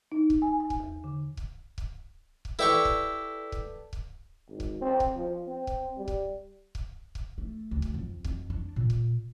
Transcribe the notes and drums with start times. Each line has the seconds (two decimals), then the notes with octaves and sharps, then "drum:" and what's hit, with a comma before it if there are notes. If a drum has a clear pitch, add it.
0.12 D#4
0.30 drum: kick C#1
0.42 G#5
0.60 G#5
0.70 drum: kick C#1
0.80 E2
1.04 D3
1.37 drum: kick C#1
1.78 drum: kick C#1
2.45 drum: kick C#1
2.59 E4 G4 A4 B4 D5 C#6
2.85 drum: kick C#1
3.52 drum: kick C#1
3.93 drum: kick C#1
4.49 G#1
4.60 drum: kick C#1
4.81 C4
5.00 drum: kick C#1
5.16 F3
5.47 C4
5.67 drum: kick C#1
5.98 G3
6.08 drum: kick C#1
6.75 drum: kick C#1
7.15 drum: kick C#1
7.38 A3
7.71 D2
7.82 drum: kick C#1
7.94 F2
8.24 F2, drum: kick C#1
8.50 D4
8.76 A#2
8.90 drum: kick C#1